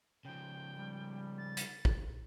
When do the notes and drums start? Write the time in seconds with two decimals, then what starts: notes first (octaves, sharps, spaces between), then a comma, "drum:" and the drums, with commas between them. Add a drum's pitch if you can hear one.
0.25 C#3 F3 G5
0.75 G3
1.38 A6
1.57 drum: hi-hat
1.85 drum: kick